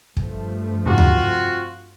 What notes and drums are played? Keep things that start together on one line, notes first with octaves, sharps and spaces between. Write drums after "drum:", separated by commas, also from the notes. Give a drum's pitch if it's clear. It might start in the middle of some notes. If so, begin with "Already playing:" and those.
G2 F3 A3, drum: kick
F2 G#2 C3 C4 F4 F#4
drum: tom D2